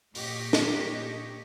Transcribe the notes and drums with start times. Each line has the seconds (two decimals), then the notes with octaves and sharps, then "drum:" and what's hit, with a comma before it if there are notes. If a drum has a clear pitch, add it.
0.15 A#2 G4 C#5 D#5, drum: open hi-hat
0.53 drum: snare